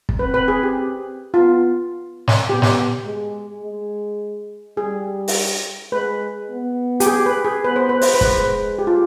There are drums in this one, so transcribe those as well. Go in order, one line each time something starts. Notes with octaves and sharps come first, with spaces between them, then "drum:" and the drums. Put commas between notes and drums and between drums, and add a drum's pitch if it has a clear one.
drum: kick
C4 B4
B4
G#4
G4
B3 F4
drum: snare
B3 G4
drum: snare
G#3
G#3
G3 G#4
drum: open hi-hat
G#3 B4
B3
G4, drum: hi-hat
G#4
B4
G#4
B3 B4
C5
B4
C5, drum: open hi-hat
B4
G#3 C5, drum: kick
B4
G4
F4